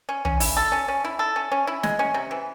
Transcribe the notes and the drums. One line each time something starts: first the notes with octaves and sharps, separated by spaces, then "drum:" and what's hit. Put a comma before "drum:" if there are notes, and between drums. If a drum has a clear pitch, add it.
C#4
C#4, drum: tom
E4, drum: open hi-hat
A4
C#4
C#4
E4
A4
C#4
C#4
E4
G#3, drum: snare
C#4
C3
E3